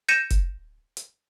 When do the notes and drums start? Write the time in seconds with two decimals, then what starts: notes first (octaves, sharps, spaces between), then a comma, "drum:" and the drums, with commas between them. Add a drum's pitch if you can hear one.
0.09 G6 A#6 C#7 D#7 E7
0.31 drum: kick F1, hi-hat
0.97 drum: hi-hat